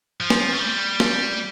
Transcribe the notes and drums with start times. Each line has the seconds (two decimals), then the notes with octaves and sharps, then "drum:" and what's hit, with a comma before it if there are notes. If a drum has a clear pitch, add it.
0.21 F3
0.30 drum: snare
0.53 A3
0.60 G3
1.00 drum: snare